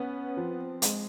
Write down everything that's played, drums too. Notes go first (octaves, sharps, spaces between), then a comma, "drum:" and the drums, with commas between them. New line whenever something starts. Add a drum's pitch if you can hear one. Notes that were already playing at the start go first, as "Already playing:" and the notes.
Already playing: B3 C#4
F3 C4
G#3, drum: hi-hat